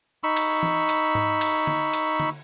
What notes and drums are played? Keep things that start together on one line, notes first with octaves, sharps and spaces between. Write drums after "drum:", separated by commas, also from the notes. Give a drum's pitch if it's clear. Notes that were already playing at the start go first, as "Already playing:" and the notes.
D#4 B5 C#6 E6
drum: cymbal
drum: tom E3
drum: cymbal
drum: tom G#2
drum: cymbal
drum: tom D3
drum: cymbal
drum: tom D3